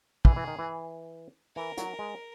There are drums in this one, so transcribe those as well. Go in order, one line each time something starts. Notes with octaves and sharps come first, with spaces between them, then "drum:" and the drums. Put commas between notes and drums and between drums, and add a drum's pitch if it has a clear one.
E3 G#4, drum: kick
E3
D#3
E3
E3 A#4
F#3, drum: hi-hat
G#3